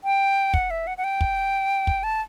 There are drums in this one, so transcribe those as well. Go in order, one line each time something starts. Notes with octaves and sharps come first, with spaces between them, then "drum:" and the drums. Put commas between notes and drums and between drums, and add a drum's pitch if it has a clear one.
G5
F#5, drum: kick
E5
F#5
F#5
G5
drum: kick
drum: kick
A5